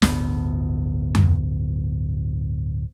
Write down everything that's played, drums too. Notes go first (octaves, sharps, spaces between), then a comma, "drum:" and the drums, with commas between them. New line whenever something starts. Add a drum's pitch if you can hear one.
D1 G1 D2 B3, drum: snare
drum: tom F2